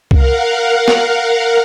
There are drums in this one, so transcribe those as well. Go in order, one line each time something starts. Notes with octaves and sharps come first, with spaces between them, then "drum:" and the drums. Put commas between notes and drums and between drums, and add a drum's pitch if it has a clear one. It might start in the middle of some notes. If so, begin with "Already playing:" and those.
A#4 F5 F#5, drum: kick C2
drum: snare